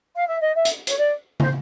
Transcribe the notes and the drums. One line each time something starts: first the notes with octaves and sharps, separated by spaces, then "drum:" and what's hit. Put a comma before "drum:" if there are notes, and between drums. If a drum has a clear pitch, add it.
F5
E5
D#5
E5
drum: hi-hat
C#5, drum: hi-hat
D5
C5, drum: tom